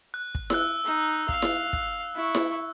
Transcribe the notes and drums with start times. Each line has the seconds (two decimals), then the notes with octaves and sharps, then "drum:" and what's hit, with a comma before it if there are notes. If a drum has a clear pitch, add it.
0.14 F#6
0.35 drum: kick
0.50 E6 F#6, drum: snare E4
0.85 D#4
1.29 F5, drum: kick
1.42 drum: snare E4
1.73 drum: kick
2.14 E4 C#6
2.35 drum: snare E4